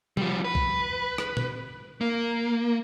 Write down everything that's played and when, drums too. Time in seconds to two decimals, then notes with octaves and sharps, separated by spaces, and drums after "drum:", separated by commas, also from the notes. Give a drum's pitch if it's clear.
0.17 F3 G3, drum: tom
0.44 B4
0.55 drum: kick B1
1.18 drum: rim click
1.37 drum: tom
2.01 A#3